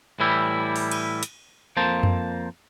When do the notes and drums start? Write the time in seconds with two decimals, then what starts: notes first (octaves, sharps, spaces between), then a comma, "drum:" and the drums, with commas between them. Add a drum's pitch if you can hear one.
0.20 A2 E3 G3 E4
0.76 drum: open hi-hat
0.91 drum: cymbal
1.23 drum: hi-hat
1.77 F2 A#3 C5 A5
2.03 drum: tom F#2